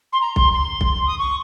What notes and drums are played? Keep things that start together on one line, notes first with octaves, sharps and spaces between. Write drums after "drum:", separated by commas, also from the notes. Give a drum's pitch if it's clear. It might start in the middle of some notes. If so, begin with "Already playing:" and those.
C6
A#5
C6, drum: kick B1
C6
drum: kick B1
D#6
C#6